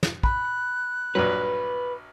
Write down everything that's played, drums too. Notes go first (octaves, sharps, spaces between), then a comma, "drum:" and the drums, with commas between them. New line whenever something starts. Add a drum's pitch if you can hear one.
drum: snare
B5 F#6, drum: kick
A#1 G2 F#3 B4